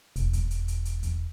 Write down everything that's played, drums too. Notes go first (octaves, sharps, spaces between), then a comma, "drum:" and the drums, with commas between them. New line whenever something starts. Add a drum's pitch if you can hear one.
E1, drum: hi-hat
drum: kick E2, hi-hat
drum: hi-hat
drum: hi-hat
drum: hi-hat
drum: kick E2, hi-hat